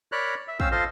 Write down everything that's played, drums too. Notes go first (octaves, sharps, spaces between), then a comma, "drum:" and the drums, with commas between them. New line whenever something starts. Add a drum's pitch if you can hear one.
A#4 C#5 D5 A#5 B5 F#6
E5
C4 C#4 C5 F5 E6, drum: kick
F4 A4 C5 D#5 F5 C6